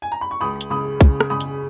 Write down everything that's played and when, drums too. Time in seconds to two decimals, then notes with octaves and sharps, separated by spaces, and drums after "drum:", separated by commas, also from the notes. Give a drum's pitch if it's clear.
0.02 G#5
0.12 A#5
0.21 B5
0.31 C#6
0.41 C#2 B5 D#6
0.61 drum: hi-hat
0.70 C#3 B5 D#6
1.01 C#3, drum: kick, hi-hat
1.20 drum: rim click
1.30 C#3 B5 D#6
1.40 drum: hi-hat